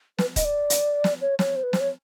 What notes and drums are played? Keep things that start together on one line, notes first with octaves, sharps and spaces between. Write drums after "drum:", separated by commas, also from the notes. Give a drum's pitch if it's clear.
B4, drum: snare
D#5, drum: kick D#1, hi-hat
D5
drum: hi-hat
drum: snare
C#5
C#5, drum: snare
C5
B4
C5, drum: snare
C#5